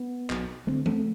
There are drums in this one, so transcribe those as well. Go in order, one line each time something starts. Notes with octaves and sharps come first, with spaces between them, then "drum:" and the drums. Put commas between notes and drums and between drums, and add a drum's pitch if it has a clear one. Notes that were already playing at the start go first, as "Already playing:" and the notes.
Already playing: B3
B1 B2, drum: clap
D2 D3 A3 C4
A3 C4, drum: tom E3